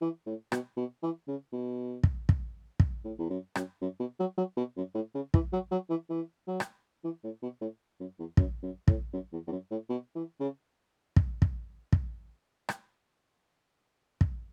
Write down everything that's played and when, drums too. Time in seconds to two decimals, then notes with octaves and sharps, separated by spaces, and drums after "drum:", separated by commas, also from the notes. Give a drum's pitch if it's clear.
0.01 E3
0.26 A2
0.52 B2, drum: rim click
0.77 B2
1.03 E3
1.28 C#3
1.53 B2
2.03 drum: kick
2.29 drum: kick
2.80 drum: kick
3.05 A2
3.18 E2
3.30 F#2
3.55 F#2, drum: rim click
3.81 F#2
4.00 B2
4.20 F#3
4.37 F#3
4.57 B2
4.77 F#2
4.95 A2
5.15 C#3
5.34 E3, drum: kick
5.53 F#3
5.71 F#3
5.90 E3
6.10 E3
6.47 F#3
6.60 drum: rim click
7.04 E3
7.24 A2
7.42 B2
7.61 A2
8.00 F#2
8.19 E2
8.37 F#2, drum: kick
8.63 F#2
8.88 A2, drum: kick
9.13 F#2
9.33 E2
9.47 E2
9.51 F#2
9.71 A2
9.89 B2
10.15 E3
10.40 C#3
11.16 drum: kick
11.42 drum: kick
11.93 drum: kick
12.69 drum: rim click
14.21 drum: kick